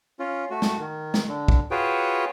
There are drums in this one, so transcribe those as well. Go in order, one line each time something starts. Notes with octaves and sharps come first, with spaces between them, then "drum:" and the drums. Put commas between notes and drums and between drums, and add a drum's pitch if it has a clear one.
C#4 F4
A3 F#4
drum: snare
D#3
drum: snare
D3
drum: kick
F4 F#4 G#4 B4 C#5 G5